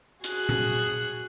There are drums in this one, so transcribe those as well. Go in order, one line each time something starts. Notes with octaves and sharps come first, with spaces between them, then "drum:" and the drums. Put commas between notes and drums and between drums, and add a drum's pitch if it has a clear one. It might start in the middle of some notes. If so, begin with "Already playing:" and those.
F#4 G#4 F#6, drum: hi-hat
drum: tom A#2